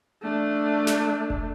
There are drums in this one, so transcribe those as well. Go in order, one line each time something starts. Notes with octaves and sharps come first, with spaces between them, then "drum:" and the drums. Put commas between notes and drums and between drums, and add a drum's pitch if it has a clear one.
A3 D4
drum: snare
drum: kick F1